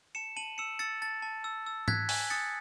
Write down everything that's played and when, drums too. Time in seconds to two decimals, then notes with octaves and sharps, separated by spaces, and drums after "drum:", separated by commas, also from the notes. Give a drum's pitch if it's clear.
0.15 A5 C#7 E7
0.37 A5 D#7 F#7
0.58 E6 C#7 E7
0.79 E6 A6 C#7
1.02 A5 A6
1.22 A5
1.44 E6
1.67 E6
1.88 F#6 G#6 B6, drum: tom G#2
2.09 G#5, drum: open hi-hat
2.30 D#6 A6 C#7